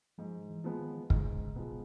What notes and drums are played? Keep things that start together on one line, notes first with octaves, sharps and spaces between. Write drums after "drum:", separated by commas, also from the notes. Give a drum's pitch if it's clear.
G#2 F3
E3
F3 G#3 B3
D#3
G#2 D3, drum: kick
C#3
B2 F3 G#3 B3